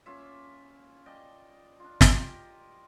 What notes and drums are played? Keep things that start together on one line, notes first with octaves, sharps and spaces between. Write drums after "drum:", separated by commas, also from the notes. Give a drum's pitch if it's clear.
A#3 C#4 F4 E5
D5 D#5 G5 A5
D4 F4
F4 G4 A#4 D#5, drum: snare